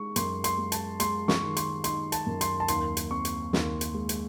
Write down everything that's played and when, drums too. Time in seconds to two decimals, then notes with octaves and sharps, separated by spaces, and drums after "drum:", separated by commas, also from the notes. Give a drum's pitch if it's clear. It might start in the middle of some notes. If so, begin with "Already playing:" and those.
Already playing: G#3 D#4 C#6
0.16 F#2 C6, drum: hi-hat
0.44 C6, drum: hi-hat
0.58 G#3
0.72 A5, drum: hi-hat
1.00 G#3 C6, drum: hi-hat
1.28 C#6, drum: snare
1.43 D#3
1.57 C6, drum: hi-hat
1.84 D#4 C6, drum: hi-hat
2.12 A5, drum: hi-hat
2.26 F#2
2.41 C6, drum: hi-hat
2.60 A5
2.68 D#2 C6, drum: hi-hat
2.97 drum: hi-hat
3.11 C4 C#6
3.25 drum: hi-hat
3.53 D#2, drum: snare
3.81 drum: hi-hat
3.94 G#3
4.09 drum: hi-hat